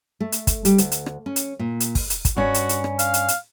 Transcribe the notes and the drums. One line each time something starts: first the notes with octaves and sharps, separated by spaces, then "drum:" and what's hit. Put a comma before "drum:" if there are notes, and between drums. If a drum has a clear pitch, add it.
A3
drum: hi-hat
drum: kick, hi-hat
G3, drum: hi-hat
D2, drum: hi-hat
drum: hi-hat
drum: rim click
C#4
drum: hi-hat
A#2
drum: hi-hat
drum: kick, open hi-hat
drum: hi-hat
drum: kick, hi-hat
G2 C#4 F#4
drum: hi-hat
drum: hi-hat
drum: rim click
F5, drum: hi-hat
drum: hi-hat
drum: hi-hat